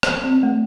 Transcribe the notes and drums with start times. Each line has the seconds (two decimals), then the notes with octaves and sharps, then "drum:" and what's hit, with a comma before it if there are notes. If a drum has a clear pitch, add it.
0.03 drum: rim click
0.24 C4
0.43 A3